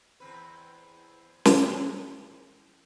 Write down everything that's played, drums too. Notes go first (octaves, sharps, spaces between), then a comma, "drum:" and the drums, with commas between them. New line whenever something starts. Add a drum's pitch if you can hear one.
E2 C4 B4
drum: snare